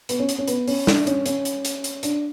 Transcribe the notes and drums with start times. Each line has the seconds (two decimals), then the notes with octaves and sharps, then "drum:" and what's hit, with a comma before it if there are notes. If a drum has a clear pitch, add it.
0.09 B3, drum: hi-hat
0.19 C#4
0.29 drum: hi-hat
0.38 C#4
0.48 B3, drum: hi-hat
0.68 C#4, drum: open hi-hat
0.87 D4, drum: snare
1.07 C#4, drum: hi-hat
1.26 C#4, drum: hi-hat
1.45 drum: hi-hat
1.65 drum: hi-hat
1.84 drum: hi-hat
2.03 D4, drum: hi-hat